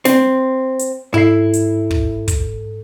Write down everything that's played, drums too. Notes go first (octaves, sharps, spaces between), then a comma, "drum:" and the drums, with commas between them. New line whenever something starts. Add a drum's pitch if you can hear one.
C4, drum: snare
drum: hi-hat
G#2 E4 A4 C7
drum: hi-hat
drum: kick
drum: kick, hi-hat